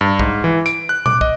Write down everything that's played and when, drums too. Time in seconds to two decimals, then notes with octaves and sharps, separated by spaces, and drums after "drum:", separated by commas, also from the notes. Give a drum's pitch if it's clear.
0.01 G2
0.19 G#2, drum: kick
0.44 E3
0.66 D7, drum: hi-hat
0.89 F#6
1.06 D6, drum: tom A#2
1.21 D#5, drum: kick